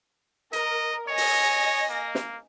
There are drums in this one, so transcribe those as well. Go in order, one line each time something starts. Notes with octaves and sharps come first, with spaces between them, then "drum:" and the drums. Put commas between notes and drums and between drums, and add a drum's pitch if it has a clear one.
A#4 D#5, drum: hi-hat
C#5 D#5 G#5 A#6
drum: open hi-hat
A#3
drum: snare